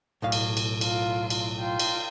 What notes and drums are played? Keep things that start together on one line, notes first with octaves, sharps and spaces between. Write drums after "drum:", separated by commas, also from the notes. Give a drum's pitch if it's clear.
B1 A2 F5
drum: cymbal
drum: cymbal
F4, drum: cymbal
drum: cymbal
F4 G5
drum: cymbal